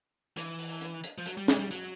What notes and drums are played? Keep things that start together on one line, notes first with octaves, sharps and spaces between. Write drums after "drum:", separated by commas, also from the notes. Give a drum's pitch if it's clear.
E3, drum: hi-hat
drum: open hi-hat
drum: hi-hat
drum: hi-hat
F3
F#3, drum: hi-hat
G3
G#3, drum: snare
G3
F#3, drum: hi-hat